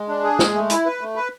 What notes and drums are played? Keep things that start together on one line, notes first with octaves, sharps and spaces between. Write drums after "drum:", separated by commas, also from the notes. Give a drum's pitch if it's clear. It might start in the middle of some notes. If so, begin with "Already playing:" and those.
Already playing: G#3
D4
G#4
G#3, drum: snare
A3
E4, drum: hi-hat
B4
A3
B4